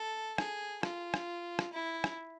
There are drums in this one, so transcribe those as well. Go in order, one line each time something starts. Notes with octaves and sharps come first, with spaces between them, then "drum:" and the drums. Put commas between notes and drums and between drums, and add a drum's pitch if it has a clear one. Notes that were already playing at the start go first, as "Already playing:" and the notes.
Already playing: A4
G#4, drum: rim click
F4, drum: rim click
drum: rim click
drum: rim click
E4
drum: rim click